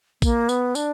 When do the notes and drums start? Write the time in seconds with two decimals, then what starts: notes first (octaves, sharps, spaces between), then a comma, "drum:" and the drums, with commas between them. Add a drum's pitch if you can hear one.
0.22 A#3, drum: kick A#1, tambourine
0.49 B3, drum: tambourine
0.75 D4, drum: tambourine